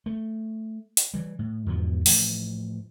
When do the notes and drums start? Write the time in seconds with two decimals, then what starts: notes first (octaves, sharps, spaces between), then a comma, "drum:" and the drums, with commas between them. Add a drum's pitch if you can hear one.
0.06 A3
0.97 drum: hi-hat
1.14 E3 G3
1.39 A2
1.66 E2 G#2 B2 F3
2.06 A2 E3 F3, drum: open hi-hat